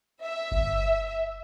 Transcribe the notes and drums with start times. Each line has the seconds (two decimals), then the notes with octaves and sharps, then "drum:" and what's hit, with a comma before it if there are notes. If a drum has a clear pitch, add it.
0.22 E5
0.52 drum: kick G1